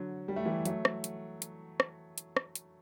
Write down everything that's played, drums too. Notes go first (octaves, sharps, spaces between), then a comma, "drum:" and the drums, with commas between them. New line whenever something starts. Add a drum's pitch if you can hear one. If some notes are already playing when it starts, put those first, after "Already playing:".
Already playing: D3 F#3
G3
A3
E3 G3
F#3 A3, drum: hi-hat
drum: rim click
drum: hi-hat
drum: hi-hat
drum: rim click
drum: hi-hat
drum: rim click
drum: hi-hat